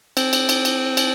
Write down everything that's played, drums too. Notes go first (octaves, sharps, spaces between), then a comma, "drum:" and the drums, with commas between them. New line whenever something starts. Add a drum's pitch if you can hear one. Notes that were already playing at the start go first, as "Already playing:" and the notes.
C4, drum: cymbal
drum: cymbal
drum: cymbal
drum: cymbal
drum: cymbal